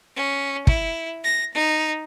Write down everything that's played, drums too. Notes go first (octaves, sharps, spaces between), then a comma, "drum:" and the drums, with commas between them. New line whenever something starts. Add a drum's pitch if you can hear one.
C#4
E4, drum: kick
A#6
D#4